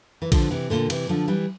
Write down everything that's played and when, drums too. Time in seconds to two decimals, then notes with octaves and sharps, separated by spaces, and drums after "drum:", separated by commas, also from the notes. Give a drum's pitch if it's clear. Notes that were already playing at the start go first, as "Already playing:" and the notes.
0.22 E3
0.32 D3 F3, drum: kick A#1, cymbal
0.51 C3 E3
0.70 A#2 D3
0.90 C3 E3, drum: cymbal
1.09 D3 F3
1.28 E3 G3